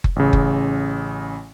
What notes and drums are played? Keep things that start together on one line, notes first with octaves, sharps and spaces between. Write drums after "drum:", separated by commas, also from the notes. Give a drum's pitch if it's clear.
drum: kick F#1
A1 C#3
drum: kick F#1